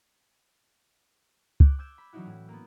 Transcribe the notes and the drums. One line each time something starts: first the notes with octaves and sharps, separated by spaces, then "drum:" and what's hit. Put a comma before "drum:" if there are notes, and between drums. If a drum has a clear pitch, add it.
D6 F#6 G6, drum: kick
D6 E6 G6 G#6 E7
B5
E3 F#3 C#4 D#4 E4 F#4
A2
A#3 B3